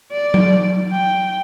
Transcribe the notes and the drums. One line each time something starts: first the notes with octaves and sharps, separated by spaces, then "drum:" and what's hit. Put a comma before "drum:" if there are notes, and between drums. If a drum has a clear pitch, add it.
D5
drum: tom F#3
G5